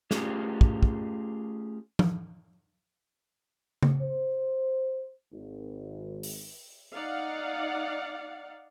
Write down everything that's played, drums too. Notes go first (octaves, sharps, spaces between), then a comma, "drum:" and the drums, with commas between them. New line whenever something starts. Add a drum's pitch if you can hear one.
A3 C#4 F4 G4 G#4, drum: snare
drum: kick
drum: kick
drum: tom F3
drum: tom C#3
C5
G#1
drum: open hi-hat
D#4 D5 F5 F#5